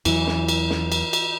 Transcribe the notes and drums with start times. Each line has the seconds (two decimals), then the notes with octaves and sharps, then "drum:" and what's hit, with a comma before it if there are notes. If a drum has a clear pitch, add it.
0.05 E2 E3 F#3, drum: cymbal
0.27 drum: snare
0.48 drum: cymbal
0.70 drum: snare
0.92 drum: cymbal
1.13 drum: cymbal